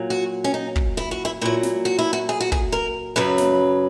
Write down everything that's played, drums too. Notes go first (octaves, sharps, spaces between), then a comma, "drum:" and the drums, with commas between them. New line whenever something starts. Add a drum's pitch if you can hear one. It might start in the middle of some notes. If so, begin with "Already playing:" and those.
Already playing: A#2 F#3
F#4
C#4
D#4
drum: kick
E4
F#4
E4
A#2 F#3 E4
drum: snare
F#4
E4
F#4
G#4
F#4
G#4, drum: kick
A#4
F#2 C#3 F#3 B4
drum: snare